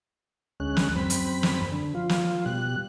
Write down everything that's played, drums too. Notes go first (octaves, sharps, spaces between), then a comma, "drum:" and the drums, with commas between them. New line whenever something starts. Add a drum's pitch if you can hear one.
D2 G#3 C#4 F#6
drum: snare
F#2 C4 B5
drum: hi-hat
drum: snare
D3
F3 F4
drum: snare
B2 G3 F#6